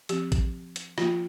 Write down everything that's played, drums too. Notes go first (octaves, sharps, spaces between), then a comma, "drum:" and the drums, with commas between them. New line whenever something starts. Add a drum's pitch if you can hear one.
F3 C4 G4, drum: hi-hat
drum: kick A1, hi-hat
drum: hi-hat
F3 A#3 F4, drum: rim click